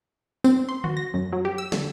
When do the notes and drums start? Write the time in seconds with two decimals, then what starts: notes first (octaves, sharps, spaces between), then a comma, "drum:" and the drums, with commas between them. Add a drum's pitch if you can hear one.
0.44 C4, drum: tambourine
0.69 C6
0.84 F#4, drum: tom D3
0.97 A#6
1.14 F#2
1.32 F#3
1.45 G4
1.58 E6
1.72 D3, drum: snare